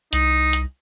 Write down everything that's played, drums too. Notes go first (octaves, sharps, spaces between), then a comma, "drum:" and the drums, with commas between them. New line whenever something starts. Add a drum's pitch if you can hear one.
C2 D#4, drum: hi-hat
drum: hi-hat